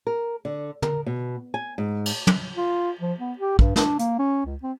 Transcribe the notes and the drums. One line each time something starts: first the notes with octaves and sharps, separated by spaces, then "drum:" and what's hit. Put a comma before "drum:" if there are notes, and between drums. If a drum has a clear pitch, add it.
A#4
D3
A#4, drum: tom
B2
G#5
G#2
drum: cymbal
drum: tom
F4
F3
B3
G4
G2, drum: kick
D4, drum: snare
A#3, drum: hi-hat
C#4
C#2
C4